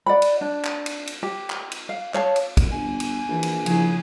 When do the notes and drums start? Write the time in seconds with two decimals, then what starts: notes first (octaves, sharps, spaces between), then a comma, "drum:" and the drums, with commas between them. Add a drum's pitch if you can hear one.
0.06 D5 F#5 B5
0.22 drum: cymbal
0.41 D4
0.65 drum: clap
0.86 drum: cymbal
1.07 drum: cymbal
1.23 G4
1.50 drum: clap
1.72 drum: cymbal
1.89 F5
2.14 C#5 F5 A5, drum: clap
2.36 drum: cymbal
2.57 drum: kick, cymbal
2.71 G1 G#5
3.00 drum: cymbal
3.28 A#1 E3
3.43 drum: cymbal
3.66 C#3 F3 E4 G#4, drum: cymbal